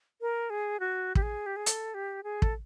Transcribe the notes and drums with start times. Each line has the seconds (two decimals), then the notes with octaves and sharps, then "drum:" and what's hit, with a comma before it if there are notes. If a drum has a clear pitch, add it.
0.21 A#4
0.50 G#4
0.80 F#4
1.15 G4, drum: kick
1.22 G#4
1.46 G4
1.56 G#4
1.66 A4, drum: hi-hat
1.94 G4
2.24 G#4
2.42 A4, drum: kick